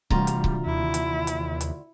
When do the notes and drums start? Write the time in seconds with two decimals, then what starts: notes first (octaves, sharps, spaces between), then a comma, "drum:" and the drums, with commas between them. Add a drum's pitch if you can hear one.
0.10 D2 C3 E3 G3 F4 A#5, drum: kick C#1
0.27 drum: hi-hat
0.44 drum: kick C#1
0.66 D#2 E4
0.94 drum: hi-hat
1.27 drum: hi-hat
1.61 drum: hi-hat